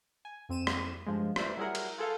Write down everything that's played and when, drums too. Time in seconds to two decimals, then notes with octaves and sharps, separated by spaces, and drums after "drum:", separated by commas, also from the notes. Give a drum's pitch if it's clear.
0.25 G#5
0.49 F2 C4 D#7 E7
0.67 drum: rim click
1.06 G2 F3 G#3
1.36 B4 C5 D5 E5, drum: rim click
1.57 F#3 G3 E4 G#4 A#4 F#5
1.75 drum: cymbal
1.98 F4 G#4 A4 B4 F5